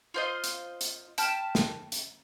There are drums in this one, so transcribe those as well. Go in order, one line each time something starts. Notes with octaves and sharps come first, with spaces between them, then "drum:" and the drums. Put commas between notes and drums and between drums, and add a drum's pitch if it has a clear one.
F4 C5 D#5
drum: hi-hat
drum: hi-hat
G5 A5 B5 F6, drum: hi-hat
drum: snare
drum: hi-hat